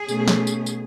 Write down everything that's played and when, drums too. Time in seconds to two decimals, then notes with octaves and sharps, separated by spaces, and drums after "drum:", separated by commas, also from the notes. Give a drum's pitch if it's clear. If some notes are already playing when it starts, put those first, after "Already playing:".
Already playing: G#4
0.08 B2 A3 C#4, drum: tambourine
0.28 drum: snare
0.47 drum: tambourine
0.66 drum: tambourine